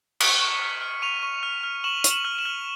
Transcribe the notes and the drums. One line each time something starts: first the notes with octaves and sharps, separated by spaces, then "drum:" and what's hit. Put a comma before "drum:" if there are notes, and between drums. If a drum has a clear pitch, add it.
C#6 B6 C#7, drum: cymbal
C#6
F6
F6
C#6 D#7 F7
C#6
F6
F6
C#6 E7 F#7
C#6, drum: hi-hat
E7 F#7
F6
E7 F#7
F6